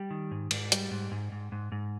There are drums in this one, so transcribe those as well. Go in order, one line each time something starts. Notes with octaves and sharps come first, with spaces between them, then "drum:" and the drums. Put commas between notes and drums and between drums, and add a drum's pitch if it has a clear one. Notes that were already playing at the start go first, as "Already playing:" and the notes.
Already playing: G3 G4
D#3
G#2
G#2, drum: cymbal
G3, drum: hi-hat
G#2
G#2
G#2
G#2
G#2